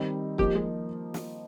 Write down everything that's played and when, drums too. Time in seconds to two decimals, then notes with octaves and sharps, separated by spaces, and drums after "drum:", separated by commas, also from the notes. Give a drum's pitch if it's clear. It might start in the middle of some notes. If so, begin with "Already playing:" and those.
Already playing: D#3 G3 C4 D#4
0.38 F3 A#3 D#4 G4, drum: kick
0.55 G#3
1.14 drum: snare